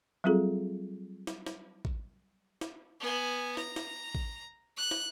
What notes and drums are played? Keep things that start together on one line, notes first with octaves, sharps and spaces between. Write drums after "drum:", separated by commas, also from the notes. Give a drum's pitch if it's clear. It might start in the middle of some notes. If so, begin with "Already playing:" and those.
F#3 G3 C4 F4 G#4 A4
drum: snare
drum: snare
drum: kick
drum: snare
B3 G#5
A#5, drum: snare
drum: snare
drum: kick
F#6
drum: snare